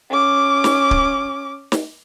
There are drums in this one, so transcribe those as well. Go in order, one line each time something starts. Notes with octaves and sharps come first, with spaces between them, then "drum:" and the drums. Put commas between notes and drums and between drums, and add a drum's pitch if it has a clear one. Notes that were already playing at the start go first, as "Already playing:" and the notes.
C#4 D6
drum: snare
drum: kick D1
drum: snare